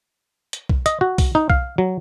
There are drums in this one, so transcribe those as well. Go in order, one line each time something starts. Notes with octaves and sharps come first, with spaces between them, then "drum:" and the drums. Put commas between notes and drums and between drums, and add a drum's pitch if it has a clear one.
drum: hi-hat
drum: kick B1
D#5, drum: hi-hat
F#4
drum: kick B1, open hi-hat
D#4
F5, drum: kick B1
F#3